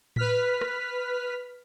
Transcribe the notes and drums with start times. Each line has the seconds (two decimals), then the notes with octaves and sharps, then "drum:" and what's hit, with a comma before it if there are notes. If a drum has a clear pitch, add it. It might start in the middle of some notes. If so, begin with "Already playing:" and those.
0.16 B4 F6 B6, drum: tom A2
0.61 drum: rim click